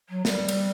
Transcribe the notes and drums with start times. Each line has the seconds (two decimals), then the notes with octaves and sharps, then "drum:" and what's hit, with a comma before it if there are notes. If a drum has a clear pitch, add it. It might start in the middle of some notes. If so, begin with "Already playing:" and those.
0.09 F#3
0.25 G3, drum: snare
0.48 drum: cymbal